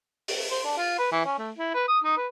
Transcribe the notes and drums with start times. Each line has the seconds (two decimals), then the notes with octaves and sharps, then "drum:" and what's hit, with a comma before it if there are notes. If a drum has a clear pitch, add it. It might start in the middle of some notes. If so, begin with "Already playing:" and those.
0.28 drum: open hi-hat
0.51 C5
0.64 D4
0.77 F4
0.98 B4
1.12 E3
1.25 C#4
1.38 A3
1.58 E4
1.74 B4
1.88 D#6
2.04 D#4
2.17 B4